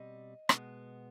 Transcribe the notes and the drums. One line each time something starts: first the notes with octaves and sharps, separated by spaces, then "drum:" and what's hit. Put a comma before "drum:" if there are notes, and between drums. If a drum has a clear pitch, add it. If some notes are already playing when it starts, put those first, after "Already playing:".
Already playing: B2 G3 C4 D#5
B2 G#3 B3, drum: rim click